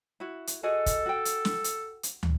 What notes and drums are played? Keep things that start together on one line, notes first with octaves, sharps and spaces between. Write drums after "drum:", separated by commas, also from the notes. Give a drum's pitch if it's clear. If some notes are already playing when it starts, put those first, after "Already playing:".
E4 F#4
drum: hi-hat
F#4 G#4 A4 D#5
drum: kick, hi-hat
F#4 G5
drum: hi-hat
drum: snare
drum: hi-hat
drum: hi-hat
drum: tom